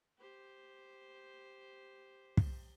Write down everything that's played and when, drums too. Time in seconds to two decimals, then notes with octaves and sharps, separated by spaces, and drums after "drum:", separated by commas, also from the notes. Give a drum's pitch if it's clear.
0.18 G4 C5
2.37 drum: kick